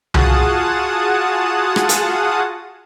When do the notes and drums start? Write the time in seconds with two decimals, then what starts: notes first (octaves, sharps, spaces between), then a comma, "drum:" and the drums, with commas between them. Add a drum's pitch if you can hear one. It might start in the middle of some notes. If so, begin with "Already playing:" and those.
0.14 F4 F#4 G#4 F#5 A5 D#6, drum: tom C2
1.76 drum: rim click
1.89 drum: hi-hat